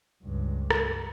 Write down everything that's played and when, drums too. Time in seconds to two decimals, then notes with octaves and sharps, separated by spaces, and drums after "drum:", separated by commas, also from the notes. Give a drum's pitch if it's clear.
0.24 C#2 G2
0.71 drum: rim click